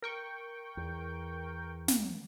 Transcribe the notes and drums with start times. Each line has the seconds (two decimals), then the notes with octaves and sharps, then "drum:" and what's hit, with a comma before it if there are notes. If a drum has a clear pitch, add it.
0.02 A#4 G5 C#6
0.77 E2
1.88 drum: snare